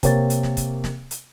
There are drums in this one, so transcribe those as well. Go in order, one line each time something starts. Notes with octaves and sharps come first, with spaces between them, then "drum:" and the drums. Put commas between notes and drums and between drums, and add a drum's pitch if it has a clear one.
C3 A#3 C#5 A6, drum: kick, hi-hat
drum: hi-hat
drum: snare
drum: kick, hi-hat
drum: snare
drum: hi-hat